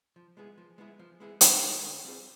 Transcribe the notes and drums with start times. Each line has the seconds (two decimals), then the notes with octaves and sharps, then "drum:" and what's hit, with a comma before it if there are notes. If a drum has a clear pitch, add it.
0.16 F3
0.37 G#3 B3 E4 G#4
0.58 F3
0.78 G#3 B3 E4 G#4
0.99 F3
1.20 G#3 B3 E4 G#4
1.41 F3, drum: hi-hat
1.62 G#3 B3 E4 G#4
1.83 D3
2.05 G3 C4 F4 G#4